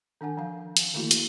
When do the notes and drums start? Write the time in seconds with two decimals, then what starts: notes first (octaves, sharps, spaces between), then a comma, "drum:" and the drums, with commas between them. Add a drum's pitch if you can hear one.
0.21 D#3 D4 F#5 G#5
0.37 F3 F5
0.77 drum: hi-hat
0.94 D3 D#3 A3 A#3 E4 F#4
1.11 drum: hi-hat